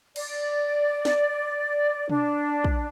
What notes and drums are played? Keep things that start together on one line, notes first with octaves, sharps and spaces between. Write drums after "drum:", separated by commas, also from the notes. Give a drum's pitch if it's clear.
D5, drum: cymbal
drum: snare
D4, drum: tom B2
drum: kick